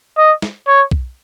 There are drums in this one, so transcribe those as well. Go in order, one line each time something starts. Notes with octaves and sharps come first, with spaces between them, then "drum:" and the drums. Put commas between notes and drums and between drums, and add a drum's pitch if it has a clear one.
D#5
drum: snare
C#5
drum: kick B1